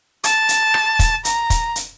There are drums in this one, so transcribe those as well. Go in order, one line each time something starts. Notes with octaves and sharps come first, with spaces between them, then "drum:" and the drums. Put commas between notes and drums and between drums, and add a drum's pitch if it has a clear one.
A5, drum: hi-hat
drum: hi-hat
drum: rim click
drum: kick, hi-hat
A#5, drum: hi-hat
drum: kick, hi-hat
drum: hi-hat